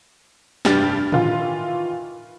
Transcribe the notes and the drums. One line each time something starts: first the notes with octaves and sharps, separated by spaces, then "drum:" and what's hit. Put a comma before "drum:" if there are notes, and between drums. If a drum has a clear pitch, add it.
F1 G2 D4 G4 F6 A6, drum: snare
D#3 E3 F4, drum: tom A2